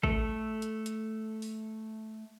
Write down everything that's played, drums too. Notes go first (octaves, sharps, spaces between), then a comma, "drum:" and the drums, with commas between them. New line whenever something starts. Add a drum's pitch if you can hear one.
A3 A4, drum: kick A1
drum: hi-hat
drum: hi-hat
drum: open hi-hat